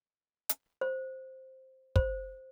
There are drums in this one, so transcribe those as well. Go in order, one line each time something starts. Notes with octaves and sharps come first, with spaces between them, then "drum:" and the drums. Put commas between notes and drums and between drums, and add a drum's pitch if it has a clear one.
drum: hi-hat
C5
C5, drum: kick